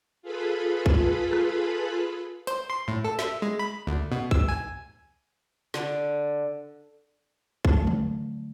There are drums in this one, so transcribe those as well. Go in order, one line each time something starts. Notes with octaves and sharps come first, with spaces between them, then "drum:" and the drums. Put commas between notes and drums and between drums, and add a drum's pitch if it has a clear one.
F4 G#4 A4 B4 B5
drum: kick
drum: rim click
C5, drum: hi-hat
C6
A2
A4
E5, drum: snare
G#3
B5
D2
B2
E6, drum: kick
G#5
D3, drum: snare
D3 F3 F#3 A3, drum: kick
drum: tom